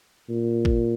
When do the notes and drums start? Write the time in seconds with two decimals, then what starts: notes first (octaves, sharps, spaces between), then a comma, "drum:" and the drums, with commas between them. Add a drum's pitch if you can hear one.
0.29 A#2
0.65 drum: kick G#1